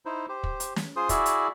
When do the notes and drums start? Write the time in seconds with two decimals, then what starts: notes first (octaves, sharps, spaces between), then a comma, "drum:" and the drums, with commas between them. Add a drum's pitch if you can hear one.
0.06 D#4 E4 C5
0.29 G4 C5
0.44 drum: kick
0.60 drum: hi-hat
0.76 drum: snare
0.96 F4 G#4 C5 C6 D#6
1.09 E4 F#4 G#4 D5 E5, drum: kick, hi-hat
1.26 drum: hi-hat